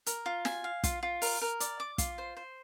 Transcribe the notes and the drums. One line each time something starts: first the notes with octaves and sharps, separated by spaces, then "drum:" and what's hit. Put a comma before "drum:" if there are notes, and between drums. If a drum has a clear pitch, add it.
A#4, drum: hi-hat
F4
G#5, drum: snare
F5
F4, drum: kick, hi-hat
F4
A#4, drum: open hi-hat
A#4
D5, drum: hi-hat
D6
F4, drum: kick, hi-hat
C5
C5